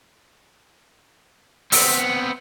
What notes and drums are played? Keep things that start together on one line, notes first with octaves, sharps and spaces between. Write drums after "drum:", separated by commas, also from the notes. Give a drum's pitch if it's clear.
B3 C4, drum: open hi-hat